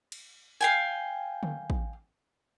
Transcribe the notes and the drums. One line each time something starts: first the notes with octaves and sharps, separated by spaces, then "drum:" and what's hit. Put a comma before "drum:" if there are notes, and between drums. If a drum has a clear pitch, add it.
drum: cymbal
F5 G5 G#5
drum: tom D3
drum: kick